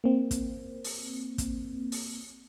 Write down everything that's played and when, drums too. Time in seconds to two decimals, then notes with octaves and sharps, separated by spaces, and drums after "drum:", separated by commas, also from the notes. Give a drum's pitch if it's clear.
0.04 A#3 C4
0.31 drum: kick, hi-hat
0.84 drum: open hi-hat
1.38 drum: kick, hi-hat
1.92 drum: open hi-hat